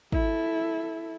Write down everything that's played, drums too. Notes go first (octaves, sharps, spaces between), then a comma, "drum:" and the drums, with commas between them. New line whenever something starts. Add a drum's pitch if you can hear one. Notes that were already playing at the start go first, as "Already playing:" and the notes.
E4 A4, drum: kick